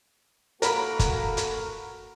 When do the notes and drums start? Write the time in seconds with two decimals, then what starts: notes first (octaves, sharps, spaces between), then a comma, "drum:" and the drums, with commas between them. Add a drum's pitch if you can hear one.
0.62 A#3 F#4 A4 A#4 B5, drum: hi-hat
0.99 drum: kick, hi-hat
1.37 drum: hi-hat